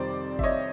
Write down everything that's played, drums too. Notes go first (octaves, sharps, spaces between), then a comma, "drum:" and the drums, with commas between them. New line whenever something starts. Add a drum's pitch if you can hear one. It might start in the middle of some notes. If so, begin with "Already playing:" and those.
Already playing: F2 C3 D#3 G3 C5 D5
E5, drum: kick G1
C#5 D#5